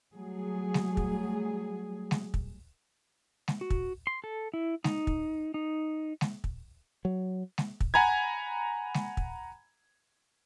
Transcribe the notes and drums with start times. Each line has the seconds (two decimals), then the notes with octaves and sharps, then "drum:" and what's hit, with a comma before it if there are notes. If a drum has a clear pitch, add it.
0.15 F#3 G3 A3 G#4
0.74 drum: snare G#3
0.97 drum: kick
2.11 drum: snare G#3
2.34 drum: kick
3.48 drum: snare G#3
3.61 F#4
3.70 drum: kick
4.07 C6
4.24 A4
4.54 E4
4.84 D#4, drum: snare G#3
5.07 drum: kick
5.54 D#4
6.21 drum: snare G#3
6.44 drum: kick
7.05 F#3
7.58 drum: snare G#3
7.80 drum: kick
7.94 F#5 G#5 A#5 B5 G#6
8.94 drum: snare G#3
9.17 drum: kick